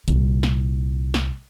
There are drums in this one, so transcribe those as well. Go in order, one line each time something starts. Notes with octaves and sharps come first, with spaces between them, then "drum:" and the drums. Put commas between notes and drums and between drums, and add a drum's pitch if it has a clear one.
C2 A#2, drum: hi-hat
drum: snare
drum: snare